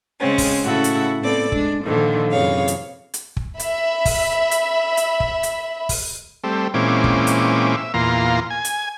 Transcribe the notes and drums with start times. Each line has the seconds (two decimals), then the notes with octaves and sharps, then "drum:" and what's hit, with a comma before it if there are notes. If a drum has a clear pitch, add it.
0.18 C#3 G#3 C4 C#4
0.38 drum: kick, open hi-hat
0.63 A2 C#3 E4 F#4 A4
0.84 drum: hi-hat
1.21 A2 B3 C4 A4 D5 D6
1.52 G#3 D4, drum: kick
1.84 A#2 D3 D#3 F3
2.30 F#2 C3 E3 G#4 C#5 F5
2.68 drum: hi-hat
3.14 drum: hi-hat
3.37 drum: kick
3.59 E5 B5, drum: hi-hat
4.05 drum: kick, open hi-hat
4.51 drum: hi-hat
4.97 drum: hi-hat
5.20 drum: kick
5.43 drum: hi-hat
5.89 drum: kick, open hi-hat
6.44 G3 A3 C4
6.74 A#2 E3 G#3 C4 C#4 D6
7.04 drum: kick
7.27 drum: hi-hat
7.77 E5
7.94 E2 A#2 F4 A#5 C6
8.50 G#5
8.65 drum: hi-hat